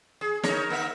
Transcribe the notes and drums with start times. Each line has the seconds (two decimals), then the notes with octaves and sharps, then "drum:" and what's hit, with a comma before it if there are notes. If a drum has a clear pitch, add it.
0.21 G#4
0.44 D#4 A#4 C#5, drum: snare
0.70 A#3 D#4 E5